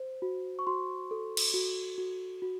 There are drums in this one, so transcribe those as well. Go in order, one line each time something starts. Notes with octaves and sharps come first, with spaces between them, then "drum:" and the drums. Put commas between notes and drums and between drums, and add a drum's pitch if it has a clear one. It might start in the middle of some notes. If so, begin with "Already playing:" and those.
Already playing: C5
F#4
C#6
F#4 C6
A4
drum: cymbal
F#4
F#4
F#4